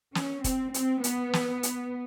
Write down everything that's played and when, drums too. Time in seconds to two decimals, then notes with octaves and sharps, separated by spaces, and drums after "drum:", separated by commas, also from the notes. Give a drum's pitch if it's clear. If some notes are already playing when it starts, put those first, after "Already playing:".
0.15 C#4, drum: snare
0.44 C4, drum: kick, hi-hat
0.74 C4, drum: hi-hat
1.04 B3, drum: hi-hat
1.33 drum: snare
1.63 drum: hi-hat